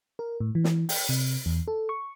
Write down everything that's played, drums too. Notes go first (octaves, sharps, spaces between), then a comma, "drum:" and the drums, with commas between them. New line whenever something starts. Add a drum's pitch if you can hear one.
A#4
A2
E3
drum: snare
G5, drum: open hi-hat
C3
E2
A4
C#6